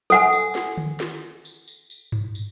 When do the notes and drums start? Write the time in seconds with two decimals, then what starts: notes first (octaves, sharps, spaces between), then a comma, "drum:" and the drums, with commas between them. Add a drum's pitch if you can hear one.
0.10 A4 F#5 G#5, drum: tambourine
0.32 drum: tambourine
0.55 drum: snare
0.77 drum: tom D3
1.00 drum: snare
1.45 drum: tambourine
1.67 drum: tambourine
1.90 drum: tambourine
2.12 drum: tom G2
2.35 drum: tambourine